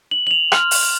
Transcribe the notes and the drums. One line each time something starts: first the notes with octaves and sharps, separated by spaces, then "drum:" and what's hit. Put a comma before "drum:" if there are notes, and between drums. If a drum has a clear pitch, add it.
F#7
F#7
F7
C6 F6, drum: rim click
drum: open hi-hat